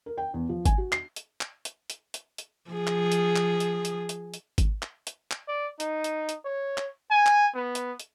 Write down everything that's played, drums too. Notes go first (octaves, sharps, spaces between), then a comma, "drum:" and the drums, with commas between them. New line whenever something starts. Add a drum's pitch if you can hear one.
A#4
G5
E2
F3
G#5, drum: kick G#1, hi-hat
F#4
C7, drum: clap
drum: hi-hat
drum: clap
drum: hi-hat
drum: hi-hat
drum: hi-hat
drum: hi-hat
F3 G#4
drum: clap
drum: hi-hat
drum: clap
drum: hi-hat
drum: hi-hat
drum: hi-hat
drum: hi-hat
drum: kick G#1, hi-hat
drum: clap
drum: hi-hat
drum: clap
D5
D#4, drum: hi-hat
drum: hi-hat
drum: hi-hat
C#5
drum: clap
G#5
drum: clap
B3
drum: hi-hat
drum: hi-hat